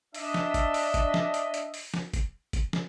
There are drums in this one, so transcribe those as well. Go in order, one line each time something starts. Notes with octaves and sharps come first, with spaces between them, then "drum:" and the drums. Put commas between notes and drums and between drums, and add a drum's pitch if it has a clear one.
D4 D#5 E5, drum: open hi-hat
drum: snare
drum: kick, hi-hat
drum: open hi-hat
drum: kick, hi-hat
drum: snare
drum: hi-hat
drum: hi-hat
drum: open hi-hat
drum: snare
drum: kick, hi-hat
drum: kick, hi-hat
drum: snare